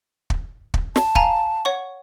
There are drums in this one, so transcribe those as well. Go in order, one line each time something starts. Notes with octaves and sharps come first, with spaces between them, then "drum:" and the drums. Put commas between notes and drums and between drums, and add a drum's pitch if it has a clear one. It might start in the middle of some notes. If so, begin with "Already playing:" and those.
drum: kick
drum: kick
A5, drum: snare
F5 G#5 A#5, drum: kick
C#5 F#5 C#6